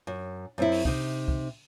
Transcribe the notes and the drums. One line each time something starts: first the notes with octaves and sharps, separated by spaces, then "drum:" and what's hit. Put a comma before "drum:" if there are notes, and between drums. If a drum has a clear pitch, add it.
F#2
F#2 C4 E4
drum: open hi-hat
C3 D#4, drum: kick
drum: kick